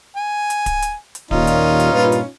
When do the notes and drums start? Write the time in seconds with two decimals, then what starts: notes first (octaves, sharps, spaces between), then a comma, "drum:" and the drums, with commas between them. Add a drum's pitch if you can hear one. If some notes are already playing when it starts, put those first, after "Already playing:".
0.16 G#5
0.50 drum: hi-hat
0.66 drum: kick D1, hi-hat
0.82 drum: hi-hat
1.15 drum: hi-hat
1.31 D#2 A#2 C#4 D#4 F4, drum: kick D1
1.47 drum: hi-hat
1.80 drum: hi-hat
1.92 G2 A#2 B4
2.12 drum: hi-hat